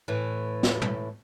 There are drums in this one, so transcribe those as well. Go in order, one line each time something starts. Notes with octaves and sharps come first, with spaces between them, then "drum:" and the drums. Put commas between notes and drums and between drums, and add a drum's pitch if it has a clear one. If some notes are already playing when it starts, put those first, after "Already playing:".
A2 E3
drum: snare
drum: tom